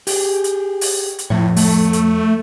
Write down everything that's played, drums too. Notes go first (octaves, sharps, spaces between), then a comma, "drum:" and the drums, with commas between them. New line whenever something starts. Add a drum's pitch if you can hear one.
G4 G#4, drum: open hi-hat
drum: hi-hat
drum: open hi-hat
drum: hi-hat
F2 A2 F3 C#5
A3, drum: open hi-hat
drum: hi-hat